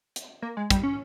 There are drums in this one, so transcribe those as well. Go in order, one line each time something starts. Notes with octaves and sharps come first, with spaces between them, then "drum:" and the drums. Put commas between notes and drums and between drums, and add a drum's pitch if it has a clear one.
drum: hi-hat
A#3
G#3
G3, drum: kick, hi-hat
C#4